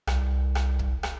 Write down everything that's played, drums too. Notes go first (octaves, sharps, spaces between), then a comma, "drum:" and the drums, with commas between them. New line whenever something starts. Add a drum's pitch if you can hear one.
C2, drum: rim click
drum: rim click
drum: kick
drum: rim click